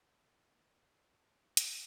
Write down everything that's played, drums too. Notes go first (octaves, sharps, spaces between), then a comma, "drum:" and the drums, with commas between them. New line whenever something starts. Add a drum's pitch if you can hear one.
A#3
D#4 G5 G6
C#4 A4 F5
E3 G#3 D5
F#5, drum: hi-hat